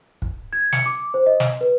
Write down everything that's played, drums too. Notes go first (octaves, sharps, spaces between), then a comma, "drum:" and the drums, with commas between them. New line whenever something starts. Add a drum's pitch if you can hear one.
drum: kick
G#6
C#7, drum: snare
D6
C5
D#5
drum: snare
B4